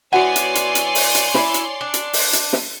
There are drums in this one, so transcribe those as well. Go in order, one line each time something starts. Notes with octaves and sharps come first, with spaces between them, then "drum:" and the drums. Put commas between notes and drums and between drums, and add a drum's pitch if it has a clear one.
E3 B3 F#4 C#5 D5 F#5 G#5 C6
drum: hi-hat
drum: hi-hat
drum: hi-hat
drum: open hi-hat
drum: hi-hat
E4, drum: snare
drum: hi-hat
D4
drum: hi-hat
drum: open hi-hat
drum: hi-hat
drum: snare